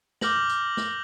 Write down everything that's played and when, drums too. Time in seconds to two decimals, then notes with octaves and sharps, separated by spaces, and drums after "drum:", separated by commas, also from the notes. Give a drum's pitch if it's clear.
0.21 D6 F6 G6 A#6 F#7, drum: snare
0.35 drum: tom A#2
0.49 drum: hi-hat
0.77 drum: snare